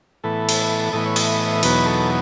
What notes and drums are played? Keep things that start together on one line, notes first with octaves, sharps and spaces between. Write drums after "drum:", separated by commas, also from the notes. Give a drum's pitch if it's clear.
A2 E3 B3 A4
drum: cymbal
A2 E3 B3 D#5
C#5
D#5, drum: cymbal
E2 B2 F#3 B3 D#4 B4, drum: cymbal
A4